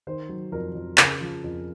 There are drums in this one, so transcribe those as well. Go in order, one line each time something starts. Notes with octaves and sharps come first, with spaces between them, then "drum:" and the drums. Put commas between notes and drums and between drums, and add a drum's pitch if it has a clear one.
D#3 C5
F#3
F2 A#4
F2
C#3 A#4, drum: clap
F3
F2